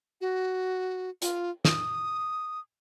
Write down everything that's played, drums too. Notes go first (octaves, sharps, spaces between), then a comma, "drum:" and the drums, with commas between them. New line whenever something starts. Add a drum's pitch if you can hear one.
F#4
F4, drum: hi-hat
D#6, drum: snare